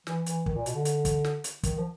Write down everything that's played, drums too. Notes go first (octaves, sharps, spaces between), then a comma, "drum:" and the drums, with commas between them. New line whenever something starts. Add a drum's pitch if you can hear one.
E3, drum: snare
E3, drum: hi-hat
D#3, drum: kick
A#2
B2, drum: hi-hat
D3
drum: hi-hat
drum: kick, hi-hat
drum: snare
drum: hi-hat
D#3, drum: kick, hi-hat
F3